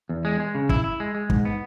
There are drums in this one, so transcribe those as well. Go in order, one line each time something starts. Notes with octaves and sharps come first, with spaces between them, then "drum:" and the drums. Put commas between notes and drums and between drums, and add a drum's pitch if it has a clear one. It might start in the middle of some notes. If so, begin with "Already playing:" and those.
E2
G#3
G#3
C#3
E4, drum: kick
E4
G#3
G#3
G#2, drum: kick
B3